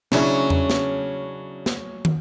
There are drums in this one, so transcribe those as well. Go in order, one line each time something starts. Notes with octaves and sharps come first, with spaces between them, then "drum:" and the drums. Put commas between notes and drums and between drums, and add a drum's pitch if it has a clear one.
C#3 F#3 C#4 D4 E4, drum: snare
drum: tom E2
drum: snare
drum: snare
drum: tom